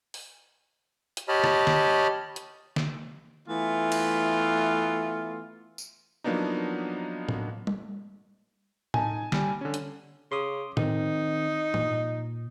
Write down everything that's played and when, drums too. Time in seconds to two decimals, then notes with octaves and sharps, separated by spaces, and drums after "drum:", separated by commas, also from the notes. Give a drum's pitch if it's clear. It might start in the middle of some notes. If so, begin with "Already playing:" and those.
0.14 drum: open hi-hat
1.17 drum: hi-hat
1.28 G4 C#5 D#5 A5 B5 F6
1.44 drum: rim click
1.67 drum: snare
2.36 drum: hi-hat
2.76 drum: snare
3.48 E3 A3 B3 F4
3.92 drum: cymbal
5.78 drum: tambourine
6.24 F3 F#3 A#3 B3 D4 D#4
7.29 drum: tom A2
7.67 drum: tom G3
8.94 D#4 G#5 A5, drum: tom A2
9.32 G3, drum: snare
9.61 D3 C#4
9.74 drum: hi-hat
10.32 C#3 C6 D6 D#6
10.77 D#3 C4 D#4, drum: tom A2
11.74 A#2, drum: tom G#2